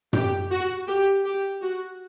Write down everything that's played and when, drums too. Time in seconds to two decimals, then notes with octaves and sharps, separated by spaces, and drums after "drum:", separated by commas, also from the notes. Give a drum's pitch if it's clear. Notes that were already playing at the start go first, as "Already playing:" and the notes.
0.13 G4, drum: tom
0.50 F#4
0.87 G4
1.25 G4
1.61 F#4